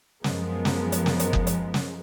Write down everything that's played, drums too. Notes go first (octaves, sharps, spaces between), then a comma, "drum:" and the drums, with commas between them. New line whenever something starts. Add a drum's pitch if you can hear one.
F#2 F3 G#3 B3 A#4, drum: snare
drum: snare
drum: hi-hat
drum: snare
drum: hi-hat
drum: kick F#1
drum: hi-hat
drum: snare